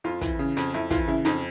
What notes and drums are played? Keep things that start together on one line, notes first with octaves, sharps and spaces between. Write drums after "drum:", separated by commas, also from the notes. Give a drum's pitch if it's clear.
F2 F4
E3, drum: kick, hi-hat
C#3
F2, drum: hi-hat
F2 E4
E3 F4, drum: kick, hi-hat
C#3 E4
F2 D#4, drum: hi-hat